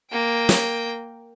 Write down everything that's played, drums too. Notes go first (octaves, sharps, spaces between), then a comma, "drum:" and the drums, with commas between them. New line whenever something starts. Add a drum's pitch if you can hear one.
A#3 G5
drum: snare